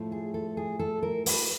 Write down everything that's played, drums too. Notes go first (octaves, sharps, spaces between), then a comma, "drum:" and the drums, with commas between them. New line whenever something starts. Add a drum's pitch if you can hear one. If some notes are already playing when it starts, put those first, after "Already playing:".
Already playing: A2 F3 A3
G#4
A4
G#4
A4
A#4
B4, drum: open hi-hat